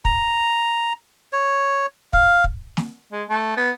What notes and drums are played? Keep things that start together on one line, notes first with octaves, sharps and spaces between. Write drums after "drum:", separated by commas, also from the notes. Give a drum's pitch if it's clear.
A#5, drum: kick
C#5
F5, drum: kick
drum: kick
drum: snare
G#3
A3
B3